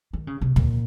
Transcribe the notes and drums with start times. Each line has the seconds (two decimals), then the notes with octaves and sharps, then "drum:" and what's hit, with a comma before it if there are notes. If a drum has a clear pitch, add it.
0.13 D#3
0.27 C#3
0.41 C3
0.56 A#2, drum: tom